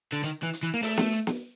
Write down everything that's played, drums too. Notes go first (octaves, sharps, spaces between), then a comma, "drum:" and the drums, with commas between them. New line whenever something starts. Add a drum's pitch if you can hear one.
D3
D#3, drum: hi-hat
E3
drum: hi-hat
E3
A#3
A3, drum: open hi-hat
drum: snare
drum: hi-hat
drum: snare